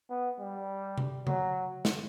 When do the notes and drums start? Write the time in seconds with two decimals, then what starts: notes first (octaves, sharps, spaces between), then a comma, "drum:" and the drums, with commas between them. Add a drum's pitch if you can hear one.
0.10 B3
0.40 G3
0.98 drum: tom C3
1.27 F#3, drum: tom C#3
1.85 drum: snare